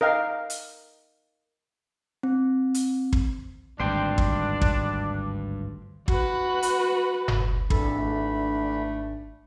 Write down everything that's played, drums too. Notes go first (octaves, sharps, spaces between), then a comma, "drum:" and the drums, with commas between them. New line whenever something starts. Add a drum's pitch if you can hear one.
A#4 D#5 F5 G5
drum: hi-hat
C4
drum: hi-hat
drum: kick
G#1 D2 G2 D4 C5 G5
drum: kick
drum: kick
F#4 B4, drum: kick
drum: hi-hat
drum: tom F#1
G#1 D3 E3 D4 A4 B5, drum: kick
A3